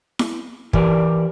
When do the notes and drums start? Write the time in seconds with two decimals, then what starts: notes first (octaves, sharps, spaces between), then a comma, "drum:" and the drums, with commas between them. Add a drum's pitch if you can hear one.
0.19 drum: snare E4
0.73 E3 G4 A#4 D5, drum: kick